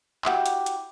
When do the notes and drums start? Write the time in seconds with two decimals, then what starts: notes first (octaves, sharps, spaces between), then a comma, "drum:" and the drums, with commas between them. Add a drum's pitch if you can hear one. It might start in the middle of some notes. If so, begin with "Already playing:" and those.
0.25 E4 F#4 G4, drum: clap
0.46 drum: hi-hat
0.66 drum: hi-hat